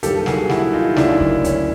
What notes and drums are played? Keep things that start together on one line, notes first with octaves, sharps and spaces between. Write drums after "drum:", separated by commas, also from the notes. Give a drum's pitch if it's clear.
G2 D#3 F#3 A#3 G4 A4, drum: hi-hat
A4
F#4 G#4, drum: snare
E4 F#4, drum: snare
D#4 F4
D2 C#3 F#3 A#3 D4 E4, drum: snare
drum: kick
C#4, drum: hi-hat